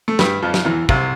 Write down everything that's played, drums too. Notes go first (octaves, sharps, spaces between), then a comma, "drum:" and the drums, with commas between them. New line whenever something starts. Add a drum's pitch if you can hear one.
A3
G2 G3, drum: snare
F2 F3
drum: snare
E2 E3
C2 C3, drum: kick